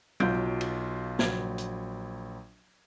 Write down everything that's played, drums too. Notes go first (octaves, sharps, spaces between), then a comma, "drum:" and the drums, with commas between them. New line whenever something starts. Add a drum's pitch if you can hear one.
B1 F#3 F4 G6 D7, drum: tom F#3
drum: cymbal
A#1 F#3 G#6, drum: snare
drum: hi-hat